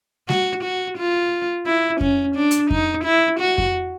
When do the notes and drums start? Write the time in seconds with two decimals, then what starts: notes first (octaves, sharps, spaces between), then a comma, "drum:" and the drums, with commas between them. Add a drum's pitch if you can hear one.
0.29 F#4, drum: snare G3
0.64 F#4
0.98 F4
1.66 E4
2.01 C#4, drum: kick F2
2.35 D4
2.51 drum: hi-hat
2.71 D#4, drum: kick F2
3.04 E4
3.40 F#4
3.58 drum: kick F2